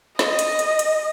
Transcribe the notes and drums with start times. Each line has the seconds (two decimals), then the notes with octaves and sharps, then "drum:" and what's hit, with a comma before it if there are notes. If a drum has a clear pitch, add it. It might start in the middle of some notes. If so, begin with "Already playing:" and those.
0.19 D#5, drum: snare
0.39 drum: hi-hat
0.59 drum: hi-hat
0.79 drum: hi-hat